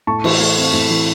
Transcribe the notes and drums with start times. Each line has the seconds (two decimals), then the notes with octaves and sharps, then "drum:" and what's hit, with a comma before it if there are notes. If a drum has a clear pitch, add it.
0.07 A2 A5 C#6
0.24 E3, drum: cymbal
0.40 A3
0.57 C4
0.73 A2
0.90 E3